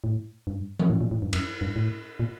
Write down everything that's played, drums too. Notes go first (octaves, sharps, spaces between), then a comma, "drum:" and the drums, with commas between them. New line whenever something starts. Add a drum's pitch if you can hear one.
A2
G2
drum: tom E3
A2
A#2
A2
G2
F#2, drum: cymbal
G2
A2
A#2